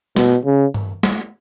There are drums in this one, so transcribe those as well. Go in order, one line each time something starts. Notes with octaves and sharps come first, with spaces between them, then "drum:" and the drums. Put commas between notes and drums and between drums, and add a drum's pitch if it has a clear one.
B2, drum: snare
C#3
drum: tom G2
drum: snare